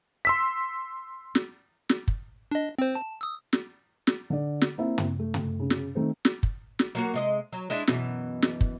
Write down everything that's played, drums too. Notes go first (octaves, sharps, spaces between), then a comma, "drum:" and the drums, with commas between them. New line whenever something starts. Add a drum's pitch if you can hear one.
C6 E6 B6
drum: snare
drum: snare
drum: kick
D4 D#5
C4 C5
A5
D#6 E6
drum: snare
drum: snare
D3 D5
drum: snare
A#3 C4 E4 E5
drum: tom
A3
drum: tom
C#3
drum: snare
D#3 A3 C4
drum: snare
drum: kick
drum: snare
F#3 A#3 F#4
C3 G#3 D#5
F#3
G#3 D4 E4
F#2 B2 E3, drum: snare
drum: snare
drum: kick